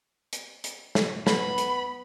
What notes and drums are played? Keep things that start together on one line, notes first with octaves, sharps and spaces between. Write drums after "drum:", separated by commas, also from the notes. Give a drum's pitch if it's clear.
drum: hi-hat
drum: hi-hat
drum: snare
B3 B5, drum: snare
drum: hi-hat